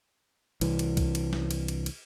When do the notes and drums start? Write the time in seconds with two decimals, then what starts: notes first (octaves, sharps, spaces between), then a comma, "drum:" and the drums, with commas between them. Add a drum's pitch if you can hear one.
0.61 C2 E3, drum: cymbal
0.79 drum: cymbal
0.97 drum: kick C2, cymbal
1.15 drum: cymbal
1.33 drum: snare
1.51 drum: cymbal
1.68 drum: cymbal
1.86 drum: cymbal